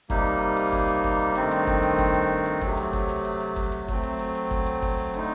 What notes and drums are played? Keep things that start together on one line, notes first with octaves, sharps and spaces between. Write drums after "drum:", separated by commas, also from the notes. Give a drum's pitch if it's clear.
C3 G3 A#3 D#4, drum: kick F#1, hi-hat
drum: hi-hat
drum: kick F#1, hi-hat
drum: hi-hat
drum: kick F#1, hi-hat
G2 D#3 A3 C4 D#4, drum: hi-hat
drum: hi-hat
drum: kick F#1, hi-hat
drum: hi-hat
drum: kick F#1, hi-hat
drum: hi-hat
drum: hi-hat
C3 F#3 A3, drum: kick F#1, hi-hat
drum: hi-hat
drum: kick F#1, hi-hat
drum: hi-hat
drum: hi-hat
drum: hi-hat
drum: kick F#1, hi-hat
drum: hi-hat
F#3 A3 C4, drum: kick F#1, hi-hat
drum: hi-hat
drum: hi-hat
drum: hi-hat
drum: kick F#1, hi-hat
drum: hi-hat
drum: kick F#1, hi-hat
drum: hi-hat
D3 A3 D#4, drum: hi-hat